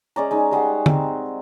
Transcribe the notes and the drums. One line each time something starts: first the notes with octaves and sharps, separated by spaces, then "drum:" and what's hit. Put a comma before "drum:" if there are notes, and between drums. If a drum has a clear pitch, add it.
G#3 C#4 D5 A#5
G#3 D#4
G3 G#3 F#5 C6
C4, drum: tom